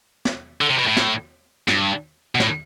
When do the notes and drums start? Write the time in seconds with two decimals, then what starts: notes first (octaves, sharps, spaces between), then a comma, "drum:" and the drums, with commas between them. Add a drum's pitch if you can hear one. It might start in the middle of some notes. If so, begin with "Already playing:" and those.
0.25 drum: snare
0.61 D3
0.70 C3
0.79 B2
0.87 A2
0.97 drum: snare
1.68 G2, drum: snare
2.35 B2
2.40 A2, drum: snare